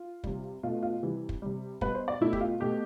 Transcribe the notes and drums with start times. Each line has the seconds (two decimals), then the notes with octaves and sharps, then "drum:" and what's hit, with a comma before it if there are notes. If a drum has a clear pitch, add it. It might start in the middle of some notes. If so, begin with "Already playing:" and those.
Already playing: F4
0.24 C3 G3, drum: kick
0.63 B2 A3 F4
0.83 F4
1.03 C3 E3 G3
1.29 drum: kick
1.42 C3 G3
1.81 B2 G3 B4, drum: kick
1.95 C5
2.08 D5
2.21 B2 A3 E4
2.33 G4, drum: kick
2.41 F4
2.60 B2 A3 G4